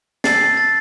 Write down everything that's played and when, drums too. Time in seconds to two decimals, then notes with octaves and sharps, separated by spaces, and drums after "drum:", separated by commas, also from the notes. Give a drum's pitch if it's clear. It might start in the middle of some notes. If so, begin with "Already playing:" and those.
0.24 A5 E6 G6 A6 C7, drum: snare
0.57 A6